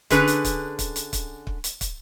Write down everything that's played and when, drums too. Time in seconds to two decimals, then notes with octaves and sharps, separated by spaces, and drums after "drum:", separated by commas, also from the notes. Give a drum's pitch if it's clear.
0.10 D3 C#4 G#4 B4, drum: kick, hi-hat
0.27 drum: hi-hat
0.45 drum: kick, hi-hat
0.79 drum: kick, hi-hat
0.96 drum: hi-hat
1.13 drum: kick, hi-hat
1.47 drum: kick
1.64 drum: hi-hat
1.81 drum: kick, hi-hat